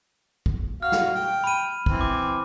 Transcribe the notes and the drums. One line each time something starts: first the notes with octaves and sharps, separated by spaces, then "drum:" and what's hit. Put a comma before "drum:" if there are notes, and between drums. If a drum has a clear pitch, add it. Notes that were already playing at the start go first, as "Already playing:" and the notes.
drum: kick
F#4 F5 F6
drum: snare
G5
B5 D#7
E3 C4, drum: kick
D6